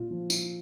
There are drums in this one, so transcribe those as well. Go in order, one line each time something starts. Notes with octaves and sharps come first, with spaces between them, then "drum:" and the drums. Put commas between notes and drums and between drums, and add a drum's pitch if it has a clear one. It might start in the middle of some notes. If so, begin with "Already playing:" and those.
Already playing: A#2 F4
F3
drum: tambourine